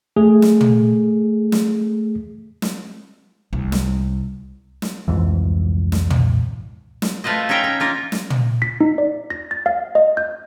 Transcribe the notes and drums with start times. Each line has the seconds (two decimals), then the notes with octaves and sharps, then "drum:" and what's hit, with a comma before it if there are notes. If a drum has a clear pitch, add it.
0.16 A3 G#4
0.42 drum: snare
0.61 drum: tom
1.52 drum: snare
2.62 drum: snare
3.53 C2
3.72 drum: snare
4.82 drum: snare
5.08 C2 F2 G#2 E3
5.92 drum: snare
6.10 drum: tom
7.02 drum: snare
7.24 A3 F4 B4 C5 D#5
7.49 C#4 D#4 E5 G5 A#5
7.64 C#4
7.80 A#3 F4 A#4
8.12 drum: snare
8.30 drum: tom
8.62 B6
8.81 D#4
8.98 D5
9.30 A#6
9.51 A6
9.66 F5
9.95 D#5
10.17 G6